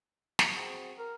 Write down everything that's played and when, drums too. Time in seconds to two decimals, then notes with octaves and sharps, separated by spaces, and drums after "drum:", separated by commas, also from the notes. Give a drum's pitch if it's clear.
0.39 drum: snare
0.54 C4 F#4 G#4
0.98 A#4